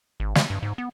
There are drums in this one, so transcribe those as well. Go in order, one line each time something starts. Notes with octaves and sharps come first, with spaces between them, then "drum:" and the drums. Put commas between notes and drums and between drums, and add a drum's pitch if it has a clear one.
G#1
G#3, drum: snare
G2
G#2
B3